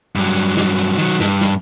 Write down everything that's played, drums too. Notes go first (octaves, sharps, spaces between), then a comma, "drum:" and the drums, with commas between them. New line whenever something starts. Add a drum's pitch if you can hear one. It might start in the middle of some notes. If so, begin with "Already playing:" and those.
G2 F#3
drum: hi-hat
drum: snare
drum: hi-hat
D#3 F#3, drum: hi-hat
G2, drum: snare
drum: snare